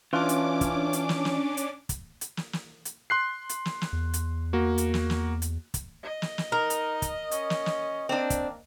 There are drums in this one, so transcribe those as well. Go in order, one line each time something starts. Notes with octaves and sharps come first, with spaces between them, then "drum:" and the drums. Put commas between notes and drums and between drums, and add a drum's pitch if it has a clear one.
E3 C#4 D4 F4 D6
drum: hi-hat
drum: kick, hi-hat
drum: hi-hat
drum: snare
drum: snare
drum: hi-hat
drum: kick, hi-hat
drum: hi-hat
drum: snare
drum: snare
drum: hi-hat
C6 F#6 C7
drum: hi-hat
drum: snare
drum: snare
E2
drum: hi-hat
A#3 F#4
drum: hi-hat
drum: snare
drum: snare
drum: hi-hat
drum: kick, hi-hat
D#5
drum: snare
drum: snare
D#4 A#4
drum: hi-hat
drum: kick, hi-hat
C#4, drum: hi-hat
drum: snare
drum: snare
A#3 C4 D4
drum: kick, hi-hat